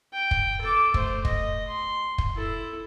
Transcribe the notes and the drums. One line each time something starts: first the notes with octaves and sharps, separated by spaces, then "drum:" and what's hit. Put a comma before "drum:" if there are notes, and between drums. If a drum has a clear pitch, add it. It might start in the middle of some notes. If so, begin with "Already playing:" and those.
G5
drum: kick
A4 D6
A3 C5, drum: kick
D#5, drum: kick
C6
drum: kick
E4 A4